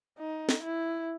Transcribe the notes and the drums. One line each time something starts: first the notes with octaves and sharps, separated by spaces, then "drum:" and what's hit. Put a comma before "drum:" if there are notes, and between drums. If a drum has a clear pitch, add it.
D#4
drum: snare
E4